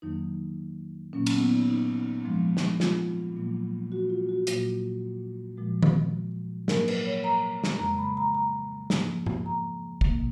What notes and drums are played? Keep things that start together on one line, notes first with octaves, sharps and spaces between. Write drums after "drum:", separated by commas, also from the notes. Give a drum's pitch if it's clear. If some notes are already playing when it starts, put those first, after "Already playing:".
F2 D#3 F#3 A#3 D#4
A#2 F#3 A#3 C#4
C#4, drum: cymbal
B3
D#4
D#4
G#2 F3 G#3
drum: snare
F4, drum: snare
A#2 F#3 A#3
F#4
F4
F#4
A#2 F#3 A#3, drum: hi-hat
A#2 F3 G#3
drum: tom D#3
G#2 F#3 A#3 A#4, drum: snare
B4, drum: cymbal
C#5
A#5
drum: snare
F2 C#3 G#3 A#5
B5
A#5
A#5
G#2 F3 A#3, drum: snare
drum: tom G#2
A#5
B2 A#3, drum: kick